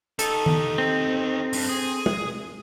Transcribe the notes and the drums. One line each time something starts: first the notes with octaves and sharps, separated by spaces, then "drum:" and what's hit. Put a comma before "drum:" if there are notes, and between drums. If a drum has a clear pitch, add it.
D#4 G4 A4, drum: hi-hat
drum: tom D#3
C4
G2, drum: open hi-hat
G#4
drum: tom